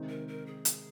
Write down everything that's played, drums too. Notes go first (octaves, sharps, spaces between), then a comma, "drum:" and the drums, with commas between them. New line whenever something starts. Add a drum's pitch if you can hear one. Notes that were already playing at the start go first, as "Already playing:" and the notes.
Already playing: C3 D#3 G#3 C4 D#4
A#4
A#4
G#4
drum: hi-hat